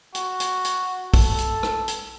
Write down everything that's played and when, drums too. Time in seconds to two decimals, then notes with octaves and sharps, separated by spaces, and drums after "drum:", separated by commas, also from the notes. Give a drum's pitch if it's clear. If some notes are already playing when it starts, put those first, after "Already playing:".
0.15 F#4, drum: hi-hat
0.40 drum: hi-hat
0.65 drum: hi-hat
1.14 A4, drum: kick, open hi-hat
1.38 drum: hi-hat
1.63 drum: rim click
1.88 drum: hi-hat